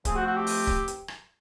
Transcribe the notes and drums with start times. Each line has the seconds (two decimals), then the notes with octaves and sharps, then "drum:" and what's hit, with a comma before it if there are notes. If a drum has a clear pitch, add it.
0.05 F3 A3 C4 G#4, drum: kick C#1, hi-hat
0.15 F#4
0.27 F#4
0.36 G4
0.47 drum: open hi-hat
0.67 drum: kick C#1
0.88 drum: hi-hat
1.08 drum: rim click